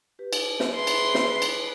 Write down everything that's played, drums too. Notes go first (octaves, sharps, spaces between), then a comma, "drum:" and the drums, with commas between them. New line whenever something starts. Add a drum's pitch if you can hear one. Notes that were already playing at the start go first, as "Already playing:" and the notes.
G4 B4
drum: cymbal
drum: snare
G#4 B4 E5 C6
drum: cymbal
drum: snare
drum: cymbal